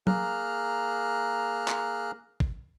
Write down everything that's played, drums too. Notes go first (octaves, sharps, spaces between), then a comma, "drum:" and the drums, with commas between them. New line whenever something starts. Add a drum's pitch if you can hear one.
A#3 G#4 A#5 F6 F#6, drum: tom F#3
drum: clap
drum: kick G#1